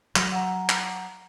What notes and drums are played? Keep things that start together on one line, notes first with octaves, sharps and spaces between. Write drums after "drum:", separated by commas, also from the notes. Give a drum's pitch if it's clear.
F#3 E6 A#6 F7, drum: clap
F#5 A#5
drum: clap